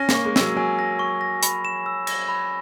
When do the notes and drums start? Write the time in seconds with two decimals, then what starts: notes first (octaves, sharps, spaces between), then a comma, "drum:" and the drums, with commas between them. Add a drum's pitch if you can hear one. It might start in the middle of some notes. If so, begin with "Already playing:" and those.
Already playing: C#4 A#6
0.09 A#3, drum: snare
0.15 C#6
0.25 G#3
0.36 E6, drum: snare
0.41 F#3
0.56 F#3 G#5
0.79 A#6
0.99 C#6
1.21 A#6
1.43 B5, drum: hi-hat
1.65 E7
1.86 E6
2.07 A#6, drum: cymbal
2.28 B5